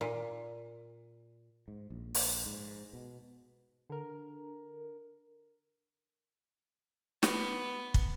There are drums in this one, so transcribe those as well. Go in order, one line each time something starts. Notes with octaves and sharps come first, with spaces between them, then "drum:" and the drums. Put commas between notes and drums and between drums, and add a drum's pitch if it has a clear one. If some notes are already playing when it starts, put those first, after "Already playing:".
A#2
G#2
A#1
drum: open hi-hat
G#2
B2
D3 A#4
B3, drum: snare
drum: kick